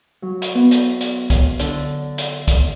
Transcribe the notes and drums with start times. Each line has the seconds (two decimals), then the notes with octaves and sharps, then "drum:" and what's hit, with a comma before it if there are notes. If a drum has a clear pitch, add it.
0.22 F#3
0.42 drum: hi-hat
0.55 B3
0.71 drum: hi-hat
1.01 drum: hi-hat
1.30 drum: kick, hi-hat
1.59 D3, drum: hi-hat
2.18 drum: hi-hat
2.48 drum: kick, hi-hat